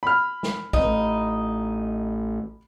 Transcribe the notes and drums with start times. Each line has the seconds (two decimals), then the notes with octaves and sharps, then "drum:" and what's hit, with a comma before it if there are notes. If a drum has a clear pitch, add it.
0.03 B5 F6
0.43 drum: snare
0.73 A1 D#4, drum: kick